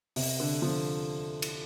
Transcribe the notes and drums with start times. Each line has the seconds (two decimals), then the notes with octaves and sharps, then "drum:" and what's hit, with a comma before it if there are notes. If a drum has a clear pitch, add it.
0.16 C3, drum: open hi-hat
0.40 D3
0.62 D3 F3
1.42 drum: cymbal